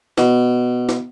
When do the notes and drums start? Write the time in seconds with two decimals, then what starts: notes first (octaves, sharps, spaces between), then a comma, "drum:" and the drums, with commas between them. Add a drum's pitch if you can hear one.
0.18 B2, drum: snare
0.89 drum: snare